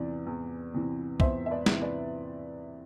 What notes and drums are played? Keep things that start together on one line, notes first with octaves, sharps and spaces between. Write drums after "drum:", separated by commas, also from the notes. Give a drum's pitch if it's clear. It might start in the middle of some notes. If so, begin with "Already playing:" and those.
Already playing: E2 C3 E3 D5
E2
C3 E3
E2 C5 E5, drum: kick
E5
B4 D5
C3 E3, drum: snare
B4 D5